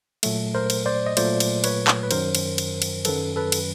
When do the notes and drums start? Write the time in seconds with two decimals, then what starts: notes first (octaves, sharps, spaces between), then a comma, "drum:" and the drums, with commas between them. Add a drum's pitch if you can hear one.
0.23 A#2 F#3 A3, drum: cymbal
0.55 A#4 C5
0.70 drum: cymbal
0.86 C5 D5
1.06 D#5
1.17 A#2 F#3 A3 C5 D5, drum: cymbal
1.40 drum: cymbal
1.64 B4 C#5, drum: cymbal
1.87 drum: clap
2.03 B4
2.11 F#2 D#3 F#3 A#4 C5, drum: cymbal
2.35 drum: cymbal
2.58 drum: cymbal
2.82 drum: cymbal
3.05 F#2 D#3 F#3 A4 B4, drum: cymbal
3.36 A4 B4
3.52 drum: cymbal